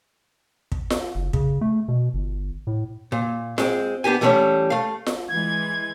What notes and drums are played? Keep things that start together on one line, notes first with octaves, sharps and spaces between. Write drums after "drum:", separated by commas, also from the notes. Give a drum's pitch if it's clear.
drum: kick
drum: snare F4
F#1
C#3, drum: kick
A3
B2
G1
A2
A#2
G#3 C4, drum: snare F4
B3 D4 G4 G#5
E3 G3 A3 A#3 C#4
A3 F5
drum: snare F4
E3 G#3 G#6